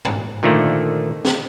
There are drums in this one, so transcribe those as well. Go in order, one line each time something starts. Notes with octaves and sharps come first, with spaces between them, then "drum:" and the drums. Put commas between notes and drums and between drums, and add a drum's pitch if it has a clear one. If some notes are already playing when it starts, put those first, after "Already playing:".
drum: tom G2
A#2 D3 D#3 F3 A3 A#3
drum: snare